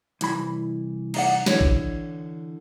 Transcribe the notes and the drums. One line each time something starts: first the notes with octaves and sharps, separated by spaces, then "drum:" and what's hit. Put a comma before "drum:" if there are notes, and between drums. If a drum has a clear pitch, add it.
C2 E3 B5, drum: hi-hat
D#4 D5 F#5, drum: cymbal
D3 E3 C#5, drum: snare
drum: kick A1